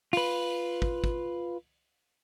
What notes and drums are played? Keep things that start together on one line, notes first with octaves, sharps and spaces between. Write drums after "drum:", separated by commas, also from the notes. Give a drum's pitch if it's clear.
F4 B4, drum: open hi-hat
drum: kick
drum: kick